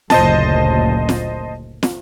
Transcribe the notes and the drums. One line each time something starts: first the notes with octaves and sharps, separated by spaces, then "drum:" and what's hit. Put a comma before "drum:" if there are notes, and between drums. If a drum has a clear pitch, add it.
F#1 D2 A#2 C5 D#5 A5, drum: snare
drum: snare
drum: snare